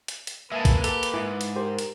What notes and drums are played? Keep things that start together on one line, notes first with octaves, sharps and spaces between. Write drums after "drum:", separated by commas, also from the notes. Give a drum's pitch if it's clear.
drum: hi-hat
drum: hi-hat
G#3 A#3 E4 B4 E5 G#5 A5
drum: kick, hi-hat
G4 A4, drum: hi-hat
drum: hi-hat
G#2 E4 G#5 D6
drum: hi-hat
G4 A#4 C5
drum: hi-hat